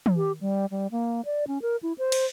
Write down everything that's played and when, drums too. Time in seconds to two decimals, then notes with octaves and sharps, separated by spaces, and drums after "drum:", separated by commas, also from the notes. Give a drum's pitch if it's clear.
0.06 drum: tom
0.17 G4
0.41 G3
0.71 G3
0.91 A#3
1.25 D5
1.48 C#4
1.62 A#4
1.83 E4
1.98 C5
2.12 drum: cymbal